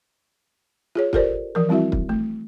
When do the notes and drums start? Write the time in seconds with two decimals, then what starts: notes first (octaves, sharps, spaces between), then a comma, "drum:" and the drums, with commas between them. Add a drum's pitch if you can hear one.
0.95 F4 G#4 C#5
1.13 F4 G4 A4 A#4 C5 D5, drum: kick
1.55 E3 F3 A#4
1.69 G3 C4 E4 F#4 E5
1.92 drum: kick
2.09 A3